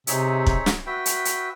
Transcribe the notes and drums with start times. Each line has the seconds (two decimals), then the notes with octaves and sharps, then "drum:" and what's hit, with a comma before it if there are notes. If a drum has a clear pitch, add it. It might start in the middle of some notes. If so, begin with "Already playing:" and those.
0.07 C3 C4 D#4 G#4 C#5 E5, drum: hi-hat
0.47 drum: kick
0.66 drum: snare
0.86 F#4 B4 E5 G5
1.06 drum: hi-hat
1.25 drum: hi-hat